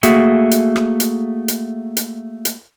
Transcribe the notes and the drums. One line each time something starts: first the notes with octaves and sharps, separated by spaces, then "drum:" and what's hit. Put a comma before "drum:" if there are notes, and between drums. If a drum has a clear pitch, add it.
A3 A#3 F#4 G#4 E5, drum: hi-hat
drum: hi-hat
drum: rim click
drum: hi-hat
drum: hi-hat
drum: hi-hat
drum: hi-hat